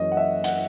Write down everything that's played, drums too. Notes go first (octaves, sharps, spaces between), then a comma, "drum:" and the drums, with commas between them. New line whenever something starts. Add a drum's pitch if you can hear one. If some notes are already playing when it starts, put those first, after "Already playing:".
Already playing: F#2 E3 A#3 C#4 D#5
F#5
E5
F#5, drum: hi-hat